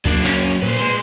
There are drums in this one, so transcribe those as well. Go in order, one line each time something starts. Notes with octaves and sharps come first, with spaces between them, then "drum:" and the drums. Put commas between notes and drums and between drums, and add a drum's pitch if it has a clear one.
F#3 A#3 D4, drum: kick C#2, hi-hat
C#4, drum: clap
drum: hi-hat
A#2 B4 C5
G#3 B4 C6